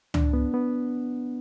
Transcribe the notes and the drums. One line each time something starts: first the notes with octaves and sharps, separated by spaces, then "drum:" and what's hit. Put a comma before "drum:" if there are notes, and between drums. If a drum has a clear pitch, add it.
D4, drum: tom C#2
B3
B3